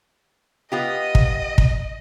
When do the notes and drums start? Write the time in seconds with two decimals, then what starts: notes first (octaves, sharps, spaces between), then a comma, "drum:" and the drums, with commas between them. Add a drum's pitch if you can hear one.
0.72 B3 F4 G4 D#5
1.15 drum: kick
1.58 drum: kick